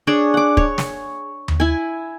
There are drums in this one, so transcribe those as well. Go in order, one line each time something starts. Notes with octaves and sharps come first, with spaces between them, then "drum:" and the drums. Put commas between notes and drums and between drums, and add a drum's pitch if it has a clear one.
D4 G#4 C#5 D5
F#5 D6
C#5, drum: kick
drum: snare
drum: tom D#2
E4 G#5